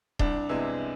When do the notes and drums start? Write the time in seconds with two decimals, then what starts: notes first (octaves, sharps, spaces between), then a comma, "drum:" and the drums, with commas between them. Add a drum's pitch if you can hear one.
0.19 C2 D4, drum: kick D#1
0.49 C3 G#3 B3 E4